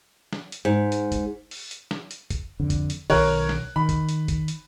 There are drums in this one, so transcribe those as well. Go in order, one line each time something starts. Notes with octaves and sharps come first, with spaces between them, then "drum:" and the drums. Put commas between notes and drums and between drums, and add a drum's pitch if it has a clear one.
drum: snare
drum: hi-hat
G#2
drum: hi-hat
drum: kick, hi-hat
drum: open hi-hat
drum: hi-hat
drum: snare
drum: hi-hat
drum: kick, hi-hat
F2 D3
drum: kick, hi-hat
drum: hi-hat
B1 D#3 A#4 C#5 F#6, drum: open hi-hat
drum: snare
D#3 B5
drum: kick, hi-hat
drum: hi-hat
drum: kick, hi-hat
drum: hi-hat